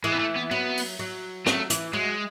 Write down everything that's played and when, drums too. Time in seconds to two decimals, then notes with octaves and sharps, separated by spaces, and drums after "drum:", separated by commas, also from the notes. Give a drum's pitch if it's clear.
0.04 E3 G#3
0.12 B3
0.19 A3
0.36 B3
0.51 F#3 B3
0.77 drum: open hi-hat
0.99 F#3
1.46 F#3 A3, drum: rim click
1.70 E3, drum: hi-hat
1.93 F#3 G#3